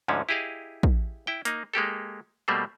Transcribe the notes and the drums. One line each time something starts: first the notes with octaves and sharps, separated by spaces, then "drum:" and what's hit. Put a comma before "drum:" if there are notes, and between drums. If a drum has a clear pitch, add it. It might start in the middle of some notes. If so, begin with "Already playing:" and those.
D2 G#2 D3 F3 C#4
E4 G4 G#4 D#5 F5
drum: kick
E4 G5
A#3 D#4, drum: hi-hat
G#3 A#3 G4 A4
B2 G3 A3 A#3 C5